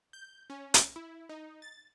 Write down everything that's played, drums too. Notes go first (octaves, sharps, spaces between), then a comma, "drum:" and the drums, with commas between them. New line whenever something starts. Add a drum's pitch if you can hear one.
G6
C#4
drum: hi-hat
E4
D#4
A6